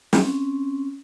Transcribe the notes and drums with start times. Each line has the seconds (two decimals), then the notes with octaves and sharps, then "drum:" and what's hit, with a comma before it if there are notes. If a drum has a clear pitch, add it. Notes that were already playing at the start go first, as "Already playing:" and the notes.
0.13 C4 C#4, drum: snare